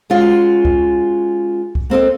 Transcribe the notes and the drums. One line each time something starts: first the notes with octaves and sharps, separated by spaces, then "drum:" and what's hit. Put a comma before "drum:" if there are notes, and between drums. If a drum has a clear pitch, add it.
G#3 C#4 F4 F#4
drum: kick C2
drum: kick C2
A#3 C4 A4 D#5